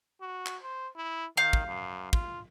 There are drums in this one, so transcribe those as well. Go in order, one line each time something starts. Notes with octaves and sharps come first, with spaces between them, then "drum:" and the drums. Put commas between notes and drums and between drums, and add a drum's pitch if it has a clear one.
F#4
drum: clap
C5
E4
D#3 F5 G6
drum: kick
F#2
F4, drum: kick